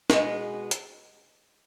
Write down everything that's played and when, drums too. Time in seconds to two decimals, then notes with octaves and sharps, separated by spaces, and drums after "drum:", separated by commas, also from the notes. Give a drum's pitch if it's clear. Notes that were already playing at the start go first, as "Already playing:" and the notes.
0.10 B2 G#3 B3, drum: snare
0.71 drum: hi-hat